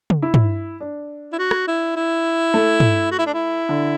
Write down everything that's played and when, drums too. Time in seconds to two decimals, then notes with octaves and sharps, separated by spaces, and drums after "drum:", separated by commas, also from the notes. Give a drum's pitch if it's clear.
0.10 drum: tom
0.22 E4
0.34 drum: tom
0.80 D4
1.32 E4
1.38 F#4
1.51 drum: rim click
1.67 E4
1.96 E4
2.54 A3
2.80 drum: tom
3.11 F#4
3.18 E4
3.26 D4
3.34 E4
3.69 D3